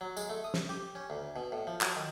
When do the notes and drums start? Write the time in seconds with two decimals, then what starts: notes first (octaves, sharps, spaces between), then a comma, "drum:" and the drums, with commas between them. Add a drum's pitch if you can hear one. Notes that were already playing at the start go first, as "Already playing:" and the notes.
0.01 F#3
0.17 G#3, drum: tambourine
0.30 A3
0.44 D#6
0.54 drum: snare
0.69 G4
0.95 C#4
1.10 D2
1.36 B2
1.52 A2
1.67 F3
1.81 F#3, drum: clap
1.96 D#3